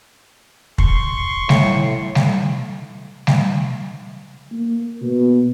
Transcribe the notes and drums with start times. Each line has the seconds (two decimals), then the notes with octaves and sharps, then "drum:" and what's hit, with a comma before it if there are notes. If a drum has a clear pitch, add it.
0.78 C6 C#6, drum: kick
1.49 A2, drum: snare G3
2.15 drum: snare G3
3.27 drum: snare G3
4.51 A#3
5.02 B2